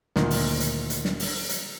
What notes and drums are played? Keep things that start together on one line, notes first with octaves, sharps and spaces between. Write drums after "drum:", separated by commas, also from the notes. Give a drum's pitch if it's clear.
D2 A#2 D#3, drum: snare
drum: open hi-hat
drum: hi-hat
drum: hi-hat
drum: snare
drum: open hi-hat
drum: hi-hat